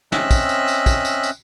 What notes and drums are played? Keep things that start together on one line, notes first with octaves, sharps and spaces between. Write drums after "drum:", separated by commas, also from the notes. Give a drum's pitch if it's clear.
C4 C#4 D#5 E5 E6 F#6, drum: snare
drum: kick, tambourine
drum: tambourine
drum: tambourine
drum: kick, tambourine
drum: tambourine
drum: tambourine